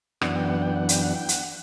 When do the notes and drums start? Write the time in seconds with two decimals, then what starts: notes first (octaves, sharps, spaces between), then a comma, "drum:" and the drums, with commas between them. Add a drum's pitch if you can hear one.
0.21 F#2 E3 B3 D4 F#5, drum: rim click
0.35 G5
0.49 F#5
0.62 G5
0.76 F#5
0.89 G5, drum: hi-hat
1.02 F#5
1.16 G5
1.29 F#5, drum: hi-hat